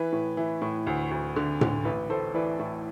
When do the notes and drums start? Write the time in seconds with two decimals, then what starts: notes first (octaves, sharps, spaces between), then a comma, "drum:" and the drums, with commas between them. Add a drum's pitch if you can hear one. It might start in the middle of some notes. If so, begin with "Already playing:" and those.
Already playing: E3 B4
0.12 A2
0.37 E3
0.62 A2
0.87 D2
1.11 D2
1.36 D3
1.61 D3, drum: tom A2
1.85 A1 B4
2.10 A2 A4 C5
2.34 E3 B4 D5
2.59 A2